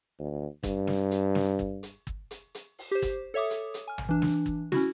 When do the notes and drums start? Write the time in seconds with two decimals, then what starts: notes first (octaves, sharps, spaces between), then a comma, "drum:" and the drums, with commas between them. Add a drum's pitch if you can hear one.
0.19 D2
0.63 G2, drum: kick, hi-hat
0.87 drum: snare
1.11 drum: hi-hat
1.35 drum: snare
1.59 drum: kick
1.83 drum: hi-hat
2.07 drum: kick
2.31 drum: hi-hat
2.55 drum: hi-hat
2.78 drum: open hi-hat
2.91 G4 C5
3.02 drum: kick, hi-hat
3.34 A4 C#5 E5 D6 D#6
3.50 drum: hi-hat
3.74 drum: hi-hat
3.88 G#5 F6
3.98 drum: tom A#1
4.09 E3 D4
4.22 drum: snare
4.46 drum: kick
4.72 C#4 E4 F#4, drum: snare